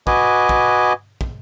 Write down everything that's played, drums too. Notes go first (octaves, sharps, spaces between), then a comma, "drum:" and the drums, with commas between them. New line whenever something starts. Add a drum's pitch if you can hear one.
F#4 B4 D#5 G#5 D6, drum: kick
drum: kick
drum: kick